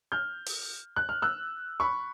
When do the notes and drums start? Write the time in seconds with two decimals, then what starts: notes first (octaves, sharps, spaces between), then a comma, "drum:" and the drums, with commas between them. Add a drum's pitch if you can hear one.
0.12 F6 G6
0.46 drum: open hi-hat
0.96 F#6
1.09 F6
1.22 E6 F#6
1.80 B5 C#6